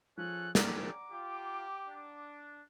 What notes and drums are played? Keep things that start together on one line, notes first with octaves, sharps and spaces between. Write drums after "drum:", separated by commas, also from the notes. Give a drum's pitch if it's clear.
F3 C#4 G#4 A4 F#6
C#4 D4 D5 F#5 G5 A#5 D6, drum: snare
F4 G4
D4